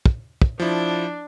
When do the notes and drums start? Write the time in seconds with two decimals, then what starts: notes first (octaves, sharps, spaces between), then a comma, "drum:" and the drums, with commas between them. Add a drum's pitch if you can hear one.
0.06 drum: kick
0.42 drum: kick
0.60 F3 D4 E4